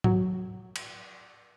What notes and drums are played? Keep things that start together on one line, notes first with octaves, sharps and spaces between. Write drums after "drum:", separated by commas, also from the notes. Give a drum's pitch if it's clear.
F#3, drum: tom G#2
drum: cymbal